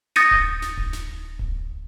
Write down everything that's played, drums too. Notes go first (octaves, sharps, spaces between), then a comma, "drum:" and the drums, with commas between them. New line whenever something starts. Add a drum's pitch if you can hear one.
D#6 G6 A6 A#6 C#7 D#7, drum: snare
drum: kick D1
drum: snare
drum: kick D1
drum: snare
drum: kick D1